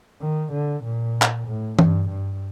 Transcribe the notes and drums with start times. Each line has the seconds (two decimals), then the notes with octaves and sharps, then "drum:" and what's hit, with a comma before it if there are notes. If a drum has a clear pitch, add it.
0.21 D#3
0.52 D3
0.84 A#2
1.22 drum: clap
1.47 A2
1.79 G2, drum: tom E3
2.09 G2